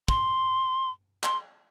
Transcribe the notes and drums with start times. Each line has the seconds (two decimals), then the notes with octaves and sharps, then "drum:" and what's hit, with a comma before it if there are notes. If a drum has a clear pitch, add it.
0.08 C6, drum: kick
1.24 C6, drum: clap